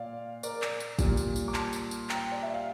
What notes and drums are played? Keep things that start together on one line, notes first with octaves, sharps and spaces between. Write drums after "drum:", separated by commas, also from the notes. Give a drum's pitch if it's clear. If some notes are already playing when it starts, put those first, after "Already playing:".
Already playing: A#2 D5 F5
A#4 D5, drum: tambourine
drum: clap
drum: tambourine
A#2 G3, drum: kick G#1, tambourine
drum: tambourine
drum: tambourine
D6
A5 C6, drum: clap
drum: tambourine
drum: tambourine
G5 A#5, drum: clap
D5
E5
F5